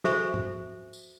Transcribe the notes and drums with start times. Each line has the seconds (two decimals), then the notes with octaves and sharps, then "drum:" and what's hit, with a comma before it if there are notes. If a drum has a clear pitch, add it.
0.04 F#4 A4 C5 E5 G#5 C#6, drum: snare
0.34 drum: tom
0.93 drum: tambourine